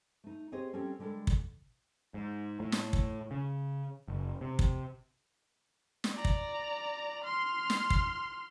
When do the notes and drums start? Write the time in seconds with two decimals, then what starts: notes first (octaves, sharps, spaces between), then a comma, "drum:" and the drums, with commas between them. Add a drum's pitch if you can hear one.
0.24 A3 D#4
0.52 C4 G4 G#4 C5 C#5 D#5
0.73 G3 C4 C#4 A4
0.99 D3 G3 G#3 A4 A#4
1.27 drum: kick
2.14 G#2
2.60 A2
2.72 drum: snare
2.93 drum: kick
3.31 C#3
4.08 F#1
4.41 C3
4.59 drum: kick
6.04 drum: snare
6.13 D5 A#5
6.25 drum: kick
7.24 C6 F6
7.70 drum: snare
7.90 drum: kick